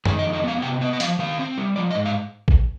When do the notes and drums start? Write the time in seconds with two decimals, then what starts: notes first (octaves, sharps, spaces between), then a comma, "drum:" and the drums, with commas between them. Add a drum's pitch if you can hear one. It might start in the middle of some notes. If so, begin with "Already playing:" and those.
0.05 D#3 G#4, drum: tom F#2
0.19 D#5
0.25 F2
0.33 D#5
0.44 B3 F5
0.62 C3 G5
0.81 B3 D#5
0.93 D#5
1.00 F3 F5, drum: hi-hat
1.19 D#3 F5
1.39 C4
1.58 G3
1.76 F3 D5
1.91 D#5
1.95 G#2
2.05 F5
2.48 drum: kick A1